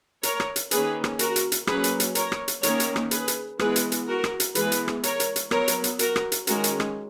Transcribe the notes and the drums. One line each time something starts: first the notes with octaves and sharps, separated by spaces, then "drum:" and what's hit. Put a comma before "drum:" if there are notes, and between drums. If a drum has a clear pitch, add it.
A#4 C#5, drum: hi-hat
drum: rim click
drum: hi-hat
D#3 A#3 C#4 G#4 B4, drum: hi-hat
drum: rim click
F#4 A#4, drum: hi-hat
drum: hi-hat
drum: hi-hat
F#3 A#3 C#4 G#4 B4, drum: rim click
drum: hi-hat
drum: hi-hat
A#4 C#5, drum: hi-hat
drum: rim click
drum: hi-hat
D#3 A#3 C#4 A#4 C#5, drum: hi-hat
drum: hi-hat
drum: rim click
G#4 B4, drum: hi-hat
drum: hi-hat
E3 G#3 B3 G#4 B4, drum: rim click
drum: hi-hat
drum: hi-hat
F#4 A#4
drum: rim click
drum: hi-hat
E3 G#3 B3 G#4 B4, drum: hi-hat
drum: hi-hat
drum: rim click
A#4 C#5, drum: hi-hat
drum: hi-hat
drum: hi-hat
F#3 B3 A#4 C#5, drum: rim click
drum: hi-hat
drum: hi-hat
F#4 A#4, drum: hi-hat
drum: rim click
drum: hi-hat
D#3 G#3 C#4 F#4 A#4, drum: hi-hat
drum: hi-hat
drum: rim click